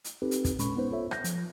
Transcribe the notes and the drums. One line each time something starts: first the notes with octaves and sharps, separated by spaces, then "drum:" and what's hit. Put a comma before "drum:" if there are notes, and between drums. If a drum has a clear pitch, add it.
drum: hi-hat
C4 D#4 G4 A4 B4
drum: hi-hat
drum: kick, hi-hat
A#2 G#3 C#4 B5 C#6, drum: hi-hat
B3 D#4 B4 C5
F4 A4 C5 C#5 E5
G6 A#6, drum: rim click
F3, drum: hi-hat